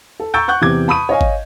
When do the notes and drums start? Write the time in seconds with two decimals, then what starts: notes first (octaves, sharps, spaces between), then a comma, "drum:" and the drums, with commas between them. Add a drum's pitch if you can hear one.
0.20 A4
0.34 A#5 C#6 E6 G6 A6 D7
0.48 F#5 C#6 F#6 G6
0.61 E2 C3 D6 G#6
0.88 A5 B5 C#6 D#6 D#7
1.09 C#5 D#5 F5 G#5
1.21 drum: kick G#1